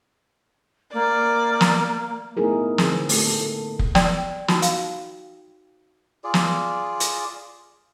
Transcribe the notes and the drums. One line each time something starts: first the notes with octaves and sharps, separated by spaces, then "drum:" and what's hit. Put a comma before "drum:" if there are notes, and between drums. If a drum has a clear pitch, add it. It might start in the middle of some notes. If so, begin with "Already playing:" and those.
A#3 D5
drum: snare
A3 B3 D#4 E4 G#4 A#4
D3 C4 G#4 B4, drum: snare
A3 C4 A4, drum: open hi-hat
A#3
A4
drum: kick F1
D5 G5, drum: snare
D#4 F4 F#4, drum: snare
F5, drum: hi-hat
F4 G#4 D5
drum: snare
drum: hi-hat